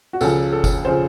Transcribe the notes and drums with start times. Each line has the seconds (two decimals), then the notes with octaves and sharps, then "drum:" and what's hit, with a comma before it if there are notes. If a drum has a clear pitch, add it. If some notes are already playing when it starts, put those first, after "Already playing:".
0.13 F#4
0.21 C#2 C#3 F3 A4, drum: tambourine
0.53 A4
0.64 drum: kick F#1, tambourine
0.85 C#3 F3 C5